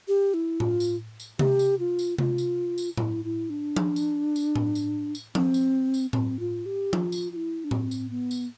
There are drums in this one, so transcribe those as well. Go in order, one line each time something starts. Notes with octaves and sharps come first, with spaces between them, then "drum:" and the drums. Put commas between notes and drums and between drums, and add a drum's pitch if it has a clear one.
G4
E4
F4, drum: tom A2
drum: tambourine
drum: tambourine
G4, drum: tom C3
drum: tambourine
F4
drum: tambourine
F4, drum: tom C3
drum: tambourine
drum: tambourine
F4, drum: tom A2
E4
E4
D4
drum: tom F3
drum: tambourine
drum: tambourine
drum: tom A2
drum: tambourine
drum: tambourine
C4, drum: tom F3
drum: tambourine
drum: tambourine
C4, drum: tom A2
F4
G4
F4, drum: tom F3
drum: tambourine
F4
E4
D4
C4, drum: tom A2
drum: tambourine
B3
drum: tambourine